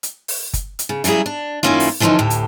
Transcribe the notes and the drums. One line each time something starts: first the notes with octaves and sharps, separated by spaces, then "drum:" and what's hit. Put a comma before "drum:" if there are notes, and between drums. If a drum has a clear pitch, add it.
drum: hi-hat
drum: open hi-hat
drum: kick, hi-hat
drum: hi-hat
C#3
C#3 F#3 G3 E4 G#4, drum: hi-hat
D4
F#2 D#3 A#3 C#4 E4 F4
drum: open hi-hat
D3 E3 F3 C4 C#4 D#4
D2 A2 G4
drum: hi-hat